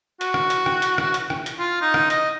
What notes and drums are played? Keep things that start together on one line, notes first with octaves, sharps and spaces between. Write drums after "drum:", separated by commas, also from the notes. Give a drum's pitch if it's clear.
F#4, drum: hi-hat
drum: rim click
drum: hi-hat
drum: rim click
drum: hi-hat
drum: rim click
drum: hi-hat
drum: rim click
drum: hi-hat
F4
D#4
drum: rim click
D#5, drum: hi-hat